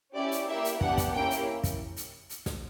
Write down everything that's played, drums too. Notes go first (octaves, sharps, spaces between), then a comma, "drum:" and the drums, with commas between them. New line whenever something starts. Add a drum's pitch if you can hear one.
C#4 E4 G4 D5
drum: hi-hat
A#3 E4 G4 E5
drum: hi-hat
B3 D4 G4 F#5, drum: kick
drum: kick, hi-hat
A#3 C#4 E4 G4 G5
drum: hi-hat
drum: kick, hi-hat
drum: hi-hat
drum: hi-hat
drum: snare